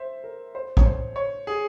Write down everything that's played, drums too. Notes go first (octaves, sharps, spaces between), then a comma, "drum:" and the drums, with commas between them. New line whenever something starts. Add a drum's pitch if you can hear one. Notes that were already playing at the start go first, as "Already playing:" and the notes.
Already playing: C5 E5
A#4
C5
C#5, drum: kick A1
C5
C#5
G#4